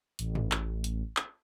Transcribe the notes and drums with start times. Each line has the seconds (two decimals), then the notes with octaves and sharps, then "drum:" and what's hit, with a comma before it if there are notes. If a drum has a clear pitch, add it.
0.19 A1, drum: hi-hat
0.35 drum: tom
0.52 drum: clap
0.84 drum: hi-hat
1.17 drum: clap